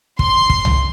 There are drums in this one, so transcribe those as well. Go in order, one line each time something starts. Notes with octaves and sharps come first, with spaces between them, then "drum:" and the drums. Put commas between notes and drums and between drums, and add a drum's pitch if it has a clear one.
C6, drum: kick
drum: kick
drum: tom C2